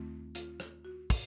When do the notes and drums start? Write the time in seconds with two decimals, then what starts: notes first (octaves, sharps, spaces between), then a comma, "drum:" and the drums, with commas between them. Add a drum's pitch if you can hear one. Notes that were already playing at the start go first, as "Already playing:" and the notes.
Already playing: D#2 D#3 A3 C4 F4
0.35 F4, drum: hi-hat
0.60 drum: rim click
0.85 F#4
1.10 drum: kick, open hi-hat